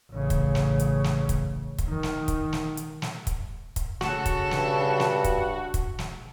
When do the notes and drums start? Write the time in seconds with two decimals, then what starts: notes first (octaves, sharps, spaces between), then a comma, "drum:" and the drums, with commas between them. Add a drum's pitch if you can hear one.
0.11 A1 C#3
0.30 drum: kick, hi-hat
0.55 drum: snare
0.80 drum: hi-hat
1.04 drum: snare
1.29 drum: kick, hi-hat
1.78 drum: kick, hi-hat
1.88 D#3
2.03 drum: snare
2.28 drum: kick, hi-hat
2.53 drum: snare
2.77 drum: hi-hat
3.02 drum: snare
3.27 drum: kick, hi-hat
3.76 drum: kick, hi-hat
4.01 C#3 F#4 A4, drum: snare
4.26 drum: kick, hi-hat
4.51 G2, drum: snare
5.00 drum: snare
5.24 drum: kick, hi-hat
5.74 drum: kick, hi-hat
5.99 drum: snare